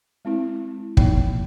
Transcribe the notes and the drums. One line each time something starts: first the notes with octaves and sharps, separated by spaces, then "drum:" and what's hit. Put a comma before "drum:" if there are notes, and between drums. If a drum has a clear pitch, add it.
G#3 C4 E4
F3 A#3 D#4, drum: kick